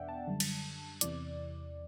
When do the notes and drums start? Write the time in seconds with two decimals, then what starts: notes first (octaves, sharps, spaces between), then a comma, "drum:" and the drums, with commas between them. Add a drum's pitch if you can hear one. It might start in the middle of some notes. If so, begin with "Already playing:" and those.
Already playing: E2 B2 B3 D4 D5 E5 F#5 G5
0.09 A5
0.27 F#2 D3 G3
0.40 drum: cymbal
1.01 E2 C3 E3 D5, drum: hi-hat